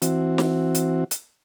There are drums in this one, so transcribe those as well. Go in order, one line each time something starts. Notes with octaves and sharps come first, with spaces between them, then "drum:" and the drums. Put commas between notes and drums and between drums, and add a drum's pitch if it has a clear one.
E3 C4 F#4, drum: hi-hat
drum: snare
drum: hi-hat
drum: hi-hat